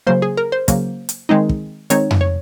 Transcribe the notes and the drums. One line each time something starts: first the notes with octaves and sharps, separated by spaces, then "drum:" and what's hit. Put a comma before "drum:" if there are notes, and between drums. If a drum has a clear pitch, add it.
C#3 F#3 A#3 C5
G#4
A#4
C5
C#3 F#3 A#3, drum: kick, hi-hat
drum: hi-hat
D#3 G#3 C4 D#4
drum: kick
D#3 G#3 C4 D#4 C#5, drum: hi-hat
drum: tom F2
C#5